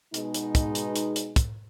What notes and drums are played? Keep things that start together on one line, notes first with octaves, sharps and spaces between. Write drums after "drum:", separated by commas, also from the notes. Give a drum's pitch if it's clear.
B2 G#3 D#4, drum: hi-hat
drum: hi-hat
drum: kick, hi-hat
drum: hi-hat
drum: hi-hat
drum: hi-hat
drum: kick, hi-hat